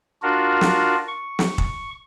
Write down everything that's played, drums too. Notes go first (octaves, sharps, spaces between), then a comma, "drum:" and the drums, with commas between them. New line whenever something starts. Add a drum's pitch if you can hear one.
D4 F4 F#4 A#4
drum: snare
C#6
drum: snare
drum: kick